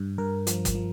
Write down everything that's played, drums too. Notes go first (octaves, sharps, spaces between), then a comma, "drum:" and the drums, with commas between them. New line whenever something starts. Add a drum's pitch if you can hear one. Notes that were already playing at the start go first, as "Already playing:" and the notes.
Already playing: G2
G2 A#4
F3, drum: hi-hat
drum: kick F#1, hi-hat
F3